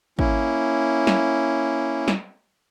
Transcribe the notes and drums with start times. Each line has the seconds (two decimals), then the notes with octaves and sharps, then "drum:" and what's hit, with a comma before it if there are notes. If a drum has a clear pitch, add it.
0.19 A#3 C#4 E4, drum: kick G#1
1.07 drum: snare
2.08 drum: snare